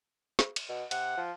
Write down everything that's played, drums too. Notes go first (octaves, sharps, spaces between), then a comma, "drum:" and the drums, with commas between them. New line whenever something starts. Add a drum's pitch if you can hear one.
drum: snare
drum: cymbal
B2
C3 F#5, drum: cymbal
F3